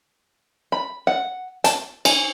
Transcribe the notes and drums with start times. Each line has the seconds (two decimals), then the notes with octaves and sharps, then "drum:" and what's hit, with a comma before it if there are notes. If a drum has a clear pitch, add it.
0.72 B5
1.07 F#5
1.64 A5, drum: hi-hat
2.05 G#5, drum: cymbal